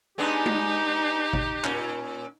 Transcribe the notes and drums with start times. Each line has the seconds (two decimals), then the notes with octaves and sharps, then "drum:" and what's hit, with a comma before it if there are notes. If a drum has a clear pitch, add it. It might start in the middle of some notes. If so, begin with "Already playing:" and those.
0.18 G#3 B3 D4 D#4 G4
0.46 drum: tom G#3
1.33 drum: kick G#1
1.64 A#2 C#4, drum: clap